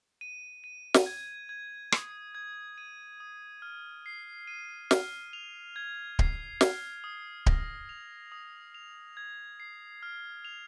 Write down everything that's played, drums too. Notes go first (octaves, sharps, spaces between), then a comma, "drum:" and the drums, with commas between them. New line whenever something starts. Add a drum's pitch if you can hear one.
D#7
D#7
drum: snare
G#6
G#6
D#6, drum: rim click
G#6
D#7
D#6
F6
C7
D#7
F6, drum: snare
F7
G#6
C7, drum: kick D1
F6, drum: snare
D#6
A#6, drum: kick D1
F7
D#6
F7
G#6
C7
F6
F7